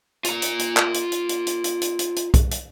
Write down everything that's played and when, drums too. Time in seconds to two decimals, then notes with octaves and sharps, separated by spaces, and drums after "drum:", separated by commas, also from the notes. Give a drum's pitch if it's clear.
0.25 F4 A#5, drum: hi-hat
0.42 drum: hi-hat
0.59 drum: hi-hat
0.77 drum: clap
0.94 drum: hi-hat
1.12 drum: hi-hat
1.29 drum: hi-hat
1.47 drum: hi-hat
1.64 drum: hi-hat
1.81 drum: hi-hat
1.99 drum: hi-hat
2.16 drum: hi-hat
2.34 drum: kick B1, hi-hat
2.51 drum: hi-hat